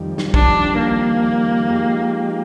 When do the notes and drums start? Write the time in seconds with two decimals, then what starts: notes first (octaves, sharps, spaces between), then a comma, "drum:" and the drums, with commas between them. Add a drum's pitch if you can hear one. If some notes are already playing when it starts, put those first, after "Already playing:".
Already playing: F2 D#3 G3
0.18 drum: snare
0.34 D4, drum: kick
0.78 A#3
1.70 F3 G#3 D#4 G4